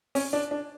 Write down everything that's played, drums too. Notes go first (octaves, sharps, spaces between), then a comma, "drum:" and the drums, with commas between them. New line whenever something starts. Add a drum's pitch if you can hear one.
C#4, drum: open hi-hat
D4
D4